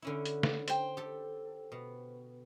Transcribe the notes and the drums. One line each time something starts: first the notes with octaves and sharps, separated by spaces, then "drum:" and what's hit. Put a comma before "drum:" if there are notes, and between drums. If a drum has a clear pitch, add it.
D3 C#4 E4
drum: hi-hat
drum: snare
C5 G5, drum: hi-hat
G4 A4
B2